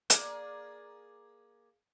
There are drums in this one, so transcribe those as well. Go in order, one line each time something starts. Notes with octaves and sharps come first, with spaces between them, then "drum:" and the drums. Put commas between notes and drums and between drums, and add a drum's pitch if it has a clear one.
A#3 G#4 D5, drum: hi-hat